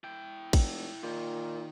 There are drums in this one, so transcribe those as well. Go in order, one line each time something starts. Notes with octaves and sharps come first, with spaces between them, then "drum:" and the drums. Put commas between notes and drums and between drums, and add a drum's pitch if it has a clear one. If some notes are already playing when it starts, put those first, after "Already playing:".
E4 G5
F1, drum: kick A1, cymbal
A#2 D#3